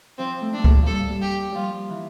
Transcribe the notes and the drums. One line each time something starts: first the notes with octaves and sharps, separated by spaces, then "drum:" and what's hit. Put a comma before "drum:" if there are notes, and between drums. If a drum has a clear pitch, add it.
F3 C4
A3
A3 D4
A#3, drum: kick C#2
F3 G3 A4
G3
G4
F3 G3 F4
E3